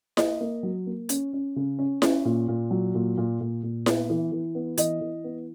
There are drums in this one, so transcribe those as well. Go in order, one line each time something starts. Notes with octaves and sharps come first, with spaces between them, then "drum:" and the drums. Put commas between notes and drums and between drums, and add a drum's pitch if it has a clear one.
A#3 D#5, drum: snare E4
A#3
F#3
A#3
C#4, drum: hi-hat
C#4
C#3
C#4
C#4, drum: snare E4
A#2
A#2
F#3
A#2
A#2
A#2
A#2
B3, drum: snare E4
E3
E3
B3
E3 D#5, drum: hi-hat
E3
B3